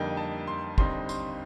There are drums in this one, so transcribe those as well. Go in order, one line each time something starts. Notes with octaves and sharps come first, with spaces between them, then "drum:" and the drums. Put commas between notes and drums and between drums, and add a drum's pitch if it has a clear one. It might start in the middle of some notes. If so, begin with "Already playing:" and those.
Already playing: F2 D3 G3 A#3 D#4 G5
A5
C6
D#2 D3 G3 C4 D#4 C6, drum: kick
C6, drum: tambourine